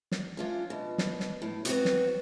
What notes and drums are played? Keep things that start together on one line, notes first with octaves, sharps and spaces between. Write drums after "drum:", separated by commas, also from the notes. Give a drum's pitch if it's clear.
drum: snare
C#4 D4 F4
B2
drum: snare
drum: snare
A2
B3 C4 F#4 C#5, drum: hi-hat
drum: snare